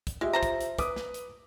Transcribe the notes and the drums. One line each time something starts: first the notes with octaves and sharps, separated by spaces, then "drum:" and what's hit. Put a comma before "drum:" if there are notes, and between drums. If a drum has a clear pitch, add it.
drum: kick, hi-hat
G#3 F4 G4 E5
C5 A5 A#5
drum: kick, hi-hat
drum: hi-hat
B4 D6 D#6, drum: kick, hi-hat
drum: snare
drum: hi-hat